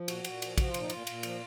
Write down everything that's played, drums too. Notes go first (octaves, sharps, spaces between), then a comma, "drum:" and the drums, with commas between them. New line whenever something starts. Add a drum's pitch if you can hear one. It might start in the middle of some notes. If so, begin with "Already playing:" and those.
Already playing: F3
A#2 F#4, drum: cymbal
A#2, drum: cymbal
F3, drum: cymbal
F3 F#4, drum: kick, cymbal
F4
A#2, drum: cymbal
D#4
A#2 F4, drum: cymbal
A#2, drum: cymbal
F3, drum: cymbal